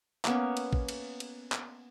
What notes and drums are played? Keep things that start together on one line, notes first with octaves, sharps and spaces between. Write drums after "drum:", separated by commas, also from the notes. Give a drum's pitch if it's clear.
A#3 B3 C#4, drum: clap
drum: cymbal
drum: kick A1
drum: cymbal
drum: cymbal
drum: clap